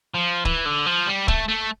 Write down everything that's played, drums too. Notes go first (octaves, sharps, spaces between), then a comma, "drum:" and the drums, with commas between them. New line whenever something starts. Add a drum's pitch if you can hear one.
F3
E3, drum: kick C#1
D3
F3
G3
A3, drum: kick C#1
A3